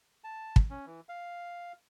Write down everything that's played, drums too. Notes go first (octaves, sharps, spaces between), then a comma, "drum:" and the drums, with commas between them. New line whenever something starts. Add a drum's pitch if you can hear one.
A5
drum: kick
C#4
E3
F5